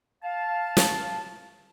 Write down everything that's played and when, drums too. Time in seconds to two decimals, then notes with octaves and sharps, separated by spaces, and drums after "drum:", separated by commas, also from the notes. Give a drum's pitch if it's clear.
0.22 F5 A5
0.77 drum: snare